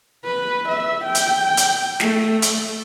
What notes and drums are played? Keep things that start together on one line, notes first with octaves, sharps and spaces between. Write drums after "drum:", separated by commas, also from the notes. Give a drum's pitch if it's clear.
B4
E5
G5
drum: hi-hat
drum: hi-hat
A3, drum: snare
drum: hi-hat